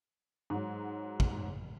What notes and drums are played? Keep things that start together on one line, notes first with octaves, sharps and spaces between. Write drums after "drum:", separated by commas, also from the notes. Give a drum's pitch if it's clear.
G#2 F#3
drum: kick